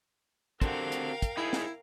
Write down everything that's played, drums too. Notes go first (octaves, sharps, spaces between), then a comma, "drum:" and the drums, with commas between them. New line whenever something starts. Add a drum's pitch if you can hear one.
D3 C4 F#4 G4 A#4 F5 G5, drum: kick, hi-hat
drum: hi-hat
drum: kick, hi-hat
D#4 E4 G#4
drum: snare